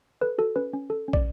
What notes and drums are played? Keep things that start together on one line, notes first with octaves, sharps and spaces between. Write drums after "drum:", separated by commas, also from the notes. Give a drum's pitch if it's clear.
A4 B4
F#4 A4
C#4 B4
C#4
A4
C#4
D5, drum: kick